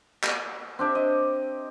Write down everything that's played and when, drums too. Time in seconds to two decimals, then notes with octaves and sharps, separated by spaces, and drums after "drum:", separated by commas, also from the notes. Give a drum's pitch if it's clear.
0.23 drum: clap
0.79 C4 D4 G4 E5
0.95 D#5